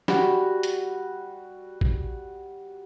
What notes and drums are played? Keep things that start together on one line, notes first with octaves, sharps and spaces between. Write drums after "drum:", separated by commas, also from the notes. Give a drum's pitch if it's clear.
G3 F#4, drum: snare
drum: hi-hat
drum: kick